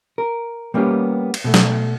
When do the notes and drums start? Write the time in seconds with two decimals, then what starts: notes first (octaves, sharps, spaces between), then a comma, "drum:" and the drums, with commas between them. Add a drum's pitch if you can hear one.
0.18 A#4
0.74 G3 A#3 B3 C#4 G4
1.34 drum: cymbal
1.44 B2 A3
1.54 drum: snare